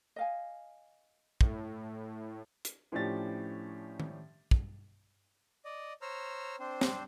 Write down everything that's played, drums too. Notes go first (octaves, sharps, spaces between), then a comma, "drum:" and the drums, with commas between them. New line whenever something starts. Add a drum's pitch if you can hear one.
D#5 F5 G#5
A2, drum: kick
drum: hi-hat
A2 F3 C#4 D4 G4 A6
drum: tom D#3
drum: kick
D5 D#5
C5 C#5 A#5 E6 F6
C4 D4 C5
drum: snare